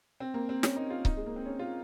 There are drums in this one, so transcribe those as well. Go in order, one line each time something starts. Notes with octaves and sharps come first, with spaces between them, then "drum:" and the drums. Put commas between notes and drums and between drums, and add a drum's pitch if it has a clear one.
C4
A#3
C4
C#4, drum: snare
D#4
F4
D#4, drum: kick C#1
G#3
A#3
C4
C#4
F4